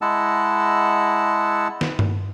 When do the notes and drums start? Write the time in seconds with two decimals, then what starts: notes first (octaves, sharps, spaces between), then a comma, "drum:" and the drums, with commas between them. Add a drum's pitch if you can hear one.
0.02 G#3 E4 D#5 F#5 A5 E6
1.81 drum: snare
1.99 drum: tom G2